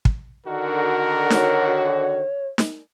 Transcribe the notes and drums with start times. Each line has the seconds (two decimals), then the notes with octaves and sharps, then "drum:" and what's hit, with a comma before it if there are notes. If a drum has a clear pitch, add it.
0.05 drum: kick
0.47 D3 D#3 F#4 A#4
1.30 C#5, drum: snare
2.58 drum: snare